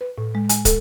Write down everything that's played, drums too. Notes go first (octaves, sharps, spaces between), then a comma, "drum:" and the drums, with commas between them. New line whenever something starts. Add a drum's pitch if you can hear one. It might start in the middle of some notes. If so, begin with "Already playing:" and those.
B4
A2
G#3
G#5, drum: hi-hat
A4, drum: kick, hi-hat